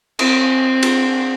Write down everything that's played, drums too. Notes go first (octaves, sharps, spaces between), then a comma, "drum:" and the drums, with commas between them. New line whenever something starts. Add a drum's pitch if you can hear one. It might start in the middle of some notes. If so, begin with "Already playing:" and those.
C4, drum: cymbal
drum: cymbal